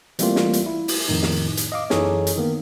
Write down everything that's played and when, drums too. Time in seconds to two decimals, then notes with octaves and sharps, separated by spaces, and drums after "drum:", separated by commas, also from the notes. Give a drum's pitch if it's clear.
0.19 E3 G3 A3 A#3 C4 F4, drum: hi-hat
0.36 drum: snare
0.53 drum: hi-hat
0.66 E4
0.88 drum: open hi-hat
1.08 F2 A2 D#3 D#4
1.23 drum: snare
1.57 drum: hi-hat
1.72 D#5 F5 D6
1.90 F#2 E3 D#4 G#4 A4 C#5, drum: snare
2.27 drum: hi-hat
2.38 D#3 A#3 B3